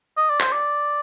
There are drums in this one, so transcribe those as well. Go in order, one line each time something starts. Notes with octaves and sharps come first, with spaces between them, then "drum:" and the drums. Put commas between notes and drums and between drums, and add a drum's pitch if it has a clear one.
D#5
D5
C5, drum: clap
D5